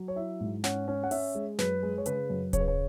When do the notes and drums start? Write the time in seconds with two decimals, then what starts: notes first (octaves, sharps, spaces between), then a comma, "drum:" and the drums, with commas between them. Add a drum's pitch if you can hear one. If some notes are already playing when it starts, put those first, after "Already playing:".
Already playing: F#3
0.08 C#5
0.16 E4 E5
0.40 G#2
0.64 C#4 F#5, drum: snare
0.88 C#4
1.04 F#5
1.11 C#4 E5, drum: open hi-hat
1.35 G#3
1.59 F#2 B4, drum: snare
1.83 G#3
1.98 C#5
2.06 C#3 B4, drum: hi-hat
2.30 F#2
2.53 C#3 C#5, drum: kick D#1, hi-hat
2.60 B4
2.68 C#5